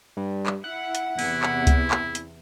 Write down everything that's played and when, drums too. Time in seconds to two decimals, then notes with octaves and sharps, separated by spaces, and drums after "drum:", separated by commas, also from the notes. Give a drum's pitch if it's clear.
0.17 G2
0.46 drum: clap
0.64 E4 F#5
0.95 drum: hi-hat
1.19 E2 C3 E4, drum: open hi-hat
1.43 drum: clap
1.67 drum: kick C#2, hi-hat
1.91 drum: clap
2.15 drum: hi-hat